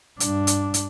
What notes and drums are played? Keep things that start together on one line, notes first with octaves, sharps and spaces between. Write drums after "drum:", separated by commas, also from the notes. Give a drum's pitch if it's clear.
G2 D4, drum: hi-hat
drum: hi-hat
drum: hi-hat